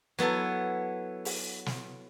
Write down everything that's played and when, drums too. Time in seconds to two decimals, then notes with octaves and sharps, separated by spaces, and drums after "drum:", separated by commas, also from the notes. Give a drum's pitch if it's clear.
0.18 F#3 B3 E4 A4
1.25 drum: open hi-hat
1.66 drum: snare